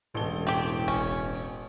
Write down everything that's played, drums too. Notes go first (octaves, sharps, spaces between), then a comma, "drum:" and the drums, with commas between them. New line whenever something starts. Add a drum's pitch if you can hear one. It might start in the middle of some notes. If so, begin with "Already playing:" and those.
E1 A1 A4 G7
C4 G4
drum: hi-hat
C#4, drum: kick, hi-hat
drum: hi-hat
drum: hi-hat